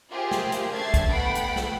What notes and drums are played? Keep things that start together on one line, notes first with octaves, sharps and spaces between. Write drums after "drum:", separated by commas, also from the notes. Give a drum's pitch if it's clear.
F4 G4 G#4 A#4 C5 E5
drum: snare
drum: hi-hat
A3 D4 E5 G#6 A6 C7
drum: kick, hi-hat
A3 B3 F#5 G5 B5 D7
drum: hi-hat
drum: snare